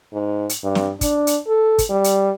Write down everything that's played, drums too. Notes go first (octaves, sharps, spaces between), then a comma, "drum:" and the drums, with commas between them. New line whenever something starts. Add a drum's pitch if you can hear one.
G#2
drum: hi-hat
G2
drum: snare
D4, drum: kick, hi-hat
drum: hi-hat
A4
drum: kick, hi-hat
G3
drum: hi-hat